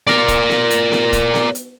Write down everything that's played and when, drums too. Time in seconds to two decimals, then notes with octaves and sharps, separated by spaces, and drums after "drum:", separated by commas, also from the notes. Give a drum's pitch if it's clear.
0.07 A#4 D5, drum: snare B3
0.28 drum: kick, hi-hat
0.49 drum: snare B3
0.70 drum: hi-hat
0.92 drum: snare B3
1.13 drum: kick, hi-hat
1.34 drum: snare B3
1.55 drum: hi-hat